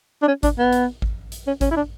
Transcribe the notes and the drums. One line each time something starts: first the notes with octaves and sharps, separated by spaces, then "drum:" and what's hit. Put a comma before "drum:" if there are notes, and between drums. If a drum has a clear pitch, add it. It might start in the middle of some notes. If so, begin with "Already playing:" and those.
D4
C#4
D4, drum: kick G#1, hi-hat
B3
drum: hi-hat
drum: kick G#1
drum: hi-hat
C#4
C#4, drum: kick G#1, hi-hat
E4
D4